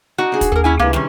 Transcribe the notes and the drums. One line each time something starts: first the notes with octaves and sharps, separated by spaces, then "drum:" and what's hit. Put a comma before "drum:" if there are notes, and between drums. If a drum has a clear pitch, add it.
D#4 F#4 D5
D4 G#4
drum: kick, hi-hat
D#2 A4 A#4
C#4 E4 G#5
C#2 C3 E3 A#3
D#3 G3 C#4, drum: snare